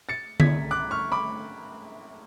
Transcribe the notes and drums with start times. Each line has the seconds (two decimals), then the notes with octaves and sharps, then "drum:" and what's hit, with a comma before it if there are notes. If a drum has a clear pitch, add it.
0.09 A6 C#7
0.40 G#6 B6, drum: tom D3
0.71 D6 F#6
0.91 C#6 F6
1.12 B5 D6